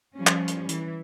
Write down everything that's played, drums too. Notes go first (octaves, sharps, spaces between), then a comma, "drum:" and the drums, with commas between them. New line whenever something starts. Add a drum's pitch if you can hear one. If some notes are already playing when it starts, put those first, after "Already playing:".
F3 G3 C#4
drum: clap
drum: hi-hat
E3, drum: hi-hat